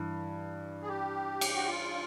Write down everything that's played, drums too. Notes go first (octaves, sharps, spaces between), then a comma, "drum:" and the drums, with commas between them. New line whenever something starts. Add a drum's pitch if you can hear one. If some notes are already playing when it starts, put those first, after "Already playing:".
Already playing: G2 E3
G#4
G4
drum: cymbal
F#4
F4